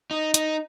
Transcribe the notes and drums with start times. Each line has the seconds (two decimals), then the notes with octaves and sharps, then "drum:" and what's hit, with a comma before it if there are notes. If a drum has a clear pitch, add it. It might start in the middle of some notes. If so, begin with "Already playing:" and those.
0.11 D#4
0.34 D#4, drum: hi-hat